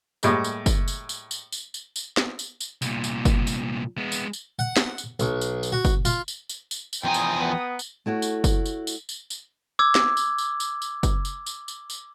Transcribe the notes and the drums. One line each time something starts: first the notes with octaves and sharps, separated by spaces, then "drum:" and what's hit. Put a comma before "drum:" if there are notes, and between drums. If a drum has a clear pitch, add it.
A2 G3 G#3 A#3, drum: tambourine
drum: tambourine
drum: kick F#1, tambourine
drum: tambourine
drum: tambourine
drum: tambourine
drum: tambourine
drum: tambourine
drum: tambourine
drum: snare
drum: tambourine
drum: tambourine
C2 A#2, drum: tambourine
drum: tambourine
drum: kick F#1, tambourine
drum: tambourine
G#3 B3
drum: tambourine
drum: tambourine
F#5
drum: snare
drum: tambourine
B1, drum: tambourine
drum: tambourine
drum: tambourine
F#4
drum: kick F#1, tambourine
F4, drum: tambourine
drum: tambourine
drum: tambourine
drum: tambourine
drum: tambourine
E2 F3 G5 G#5 A#5 D#6
drum: tambourine
B3
drum: tambourine
A3 E4 F#4 C#5
drum: tambourine
drum: kick F#1, tambourine
drum: tambourine
drum: tambourine
drum: tambourine
drum: tambourine
D6 E6 G#6
drum: snare
drum: tambourine
drum: tambourine
drum: tambourine
drum: tambourine
drum: kick F#1, tambourine
drum: tambourine
drum: tambourine
drum: tambourine
drum: tambourine